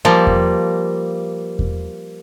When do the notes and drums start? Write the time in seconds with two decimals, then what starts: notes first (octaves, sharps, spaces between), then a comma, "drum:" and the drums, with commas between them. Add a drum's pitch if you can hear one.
0.05 F3 G3 A#3
0.27 drum: kick E2
1.59 drum: kick E2